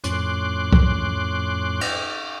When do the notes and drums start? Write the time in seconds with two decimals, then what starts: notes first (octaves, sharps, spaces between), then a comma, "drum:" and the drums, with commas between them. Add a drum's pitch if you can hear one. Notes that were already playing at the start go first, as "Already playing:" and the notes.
0.04 F2 A2 C#4 C6 D6 F#6, drum: hi-hat
0.73 drum: kick C2
1.81 drum: cymbal